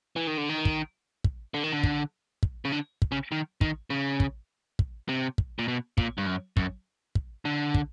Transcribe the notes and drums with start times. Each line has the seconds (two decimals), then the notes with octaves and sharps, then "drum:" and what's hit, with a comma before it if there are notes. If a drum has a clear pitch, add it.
0.16 E3
0.27 D#3
0.38 D3
0.49 D#3
0.65 drum: kick
1.25 drum: kick
1.54 D3
1.64 D#3
1.72 D3
1.84 drum: kick
2.43 drum: kick
2.65 C#3
2.72 D3
3.02 drum: kick
3.12 C#3
3.32 D#3
3.61 D#3, drum: kick
3.90 C#3
4.20 drum: kick
4.79 drum: kick
5.09 C3
5.38 drum: kick
5.59 A#2
5.68 B2
5.98 A#2, drum: kick
6.18 G2
6.26 F#2
6.57 F#2, drum: kick
7.15 drum: kick
7.45 D3
7.75 drum: kick